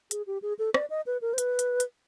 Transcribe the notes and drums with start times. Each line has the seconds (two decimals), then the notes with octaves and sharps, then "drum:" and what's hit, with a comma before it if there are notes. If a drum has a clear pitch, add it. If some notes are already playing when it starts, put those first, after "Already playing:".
0.11 G#4, drum: hi-hat
0.27 G4
0.42 G#4
0.59 A4
0.74 D5, drum: rim click
0.90 D#5
1.06 B4
1.22 A#4
1.34 C5
1.38 B4, drum: hi-hat
1.59 drum: hi-hat
1.80 drum: hi-hat